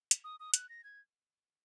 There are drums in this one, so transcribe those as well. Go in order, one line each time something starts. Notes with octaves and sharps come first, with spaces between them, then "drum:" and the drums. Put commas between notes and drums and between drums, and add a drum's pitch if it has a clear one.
drum: hi-hat
D#6
D#6
F#6, drum: hi-hat
A#6
G#6